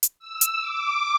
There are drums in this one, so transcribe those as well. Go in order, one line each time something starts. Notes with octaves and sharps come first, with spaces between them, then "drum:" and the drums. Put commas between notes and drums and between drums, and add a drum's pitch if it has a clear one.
drum: hi-hat
E6
drum: hi-hat
D6